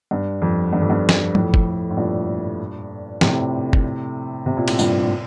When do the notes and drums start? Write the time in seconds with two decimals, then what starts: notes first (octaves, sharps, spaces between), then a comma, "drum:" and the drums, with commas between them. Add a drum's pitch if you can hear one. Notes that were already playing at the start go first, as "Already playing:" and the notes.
0.11 G2
0.42 F2
0.73 G2
0.82 F2
0.90 G2
1.09 drum: snare
1.35 F2 A2, drum: tom
1.54 drum: kick
1.90 A2
1.97 G2 A#2
3.21 A2 C3, drum: snare
3.73 drum: kick
4.46 C3
4.57 A#2
4.68 A2, drum: cymbal
4.79 G2 A#2, drum: tambourine
5.03 A2